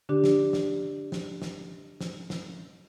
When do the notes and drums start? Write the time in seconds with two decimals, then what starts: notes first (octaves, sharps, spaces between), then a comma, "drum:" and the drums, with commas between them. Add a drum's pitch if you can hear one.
0.09 D3 D4 G4
0.24 drum: snare
0.53 drum: snare
1.12 drum: snare
1.42 drum: snare
2.01 drum: snare
2.30 drum: snare